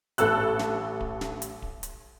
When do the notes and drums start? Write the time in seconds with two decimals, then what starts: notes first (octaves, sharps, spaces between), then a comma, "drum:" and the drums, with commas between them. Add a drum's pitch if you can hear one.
0.18 A1 A4 A5 E6 F#6, drum: hi-hat
0.59 drum: snare
1.00 drum: kick D1
1.21 drum: snare
1.42 drum: hi-hat
1.62 drum: kick D1
1.83 drum: hi-hat